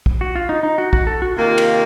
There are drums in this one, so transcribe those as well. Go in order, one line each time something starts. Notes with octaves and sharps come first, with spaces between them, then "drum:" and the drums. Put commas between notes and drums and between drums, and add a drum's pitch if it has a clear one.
drum: kick
F#4
F4
D#4
D#4
F#4
F#4, drum: kick
A4
F#4
C3 D#3 A#3 F4
drum: cymbal